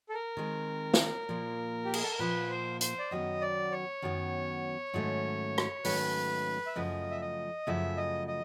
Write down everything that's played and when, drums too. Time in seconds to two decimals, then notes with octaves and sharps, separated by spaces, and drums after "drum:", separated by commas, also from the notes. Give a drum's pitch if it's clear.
0.09 A4
0.14 A#4
0.37 D#3 G#3 C4
0.94 drum: snare
1.29 A#2 F3 A#3
1.85 G4
1.94 G#4, drum: cymbal
2.02 A4
2.11 A#4
2.19 A#2 F3 A#3 B4
2.50 C5
2.81 C5, drum: hi-hat
2.99 D5
3.11 F#2 D#3 F#3 B3 D#5
3.41 D5
3.72 C#5
4.02 F#2 D#3 F#3 B3
4.93 G#2 D#3 F#3 A3 C#4
5.58 drum: rim click
5.84 G#2 D#3 F#3 A3 C#4 B4, drum: open hi-hat
6.66 E5
6.75 F#2 C#3 F3 A3 D#5
7.11 E5
7.21 D#5
7.67 F#2 C#3 F3 A3 E5
7.97 D#5
8.28 D#5